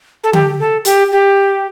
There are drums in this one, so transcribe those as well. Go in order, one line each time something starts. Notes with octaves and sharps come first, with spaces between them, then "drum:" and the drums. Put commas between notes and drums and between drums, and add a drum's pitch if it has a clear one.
A4
G4, drum: tom D3
A4
G4, drum: hi-hat
G4